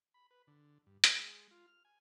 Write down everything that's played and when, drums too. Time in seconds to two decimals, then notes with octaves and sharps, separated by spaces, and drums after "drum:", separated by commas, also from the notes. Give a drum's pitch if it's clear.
0.14 B5
0.31 B4
0.47 D3
0.87 G2
1.04 G#3, drum: hi-hat
1.51 F4
1.67 F6
1.85 G#5